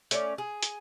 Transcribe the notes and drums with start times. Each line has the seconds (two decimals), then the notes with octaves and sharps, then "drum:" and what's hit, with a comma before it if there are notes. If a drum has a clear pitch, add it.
0.11 A3 C#4 C#5 D5, drum: hi-hat
0.38 G#4
0.63 drum: hi-hat